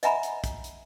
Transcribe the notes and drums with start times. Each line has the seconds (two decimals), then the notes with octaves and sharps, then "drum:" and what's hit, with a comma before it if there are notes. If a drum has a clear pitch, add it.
0.03 D#5 E5 F#5 G#5 A#5 B5, drum: hi-hat
0.23 drum: hi-hat
0.44 drum: kick, hi-hat
0.64 drum: hi-hat